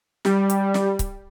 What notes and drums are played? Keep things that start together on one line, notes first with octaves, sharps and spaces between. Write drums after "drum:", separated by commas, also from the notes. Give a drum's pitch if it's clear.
G3, drum: snare
drum: hi-hat
drum: snare
drum: kick C#1, hi-hat